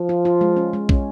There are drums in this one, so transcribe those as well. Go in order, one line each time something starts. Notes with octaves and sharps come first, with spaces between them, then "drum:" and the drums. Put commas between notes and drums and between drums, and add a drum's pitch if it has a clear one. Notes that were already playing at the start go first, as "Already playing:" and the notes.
Already playing: F3
F4
F4
G#3
C#4
G#3
C#4, drum: kick